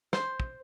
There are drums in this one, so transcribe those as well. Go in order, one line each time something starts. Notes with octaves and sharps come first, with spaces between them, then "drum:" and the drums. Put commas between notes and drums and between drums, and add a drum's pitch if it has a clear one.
C5, drum: snare
drum: kick